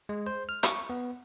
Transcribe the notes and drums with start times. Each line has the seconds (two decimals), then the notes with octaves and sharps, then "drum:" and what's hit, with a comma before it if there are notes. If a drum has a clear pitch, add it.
0.09 G#3
0.26 C5
0.49 F6
0.63 C#6, drum: hi-hat
0.90 B3